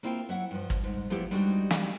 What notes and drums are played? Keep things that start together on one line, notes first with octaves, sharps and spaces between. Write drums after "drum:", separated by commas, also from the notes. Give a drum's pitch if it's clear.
A#3 C4 E4 F4 G5
F#3 E5 F#5
G2 F3
drum: kick
G#2
F3 A3 B3 E4 G4 E5
G3 G#3 D4 D#4 F#4 G4
drum: snare